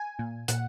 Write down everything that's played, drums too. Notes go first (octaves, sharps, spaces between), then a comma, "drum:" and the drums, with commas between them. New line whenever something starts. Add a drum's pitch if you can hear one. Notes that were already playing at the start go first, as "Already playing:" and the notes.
Already playing: G#5
A#2
A#2 F#5, drum: hi-hat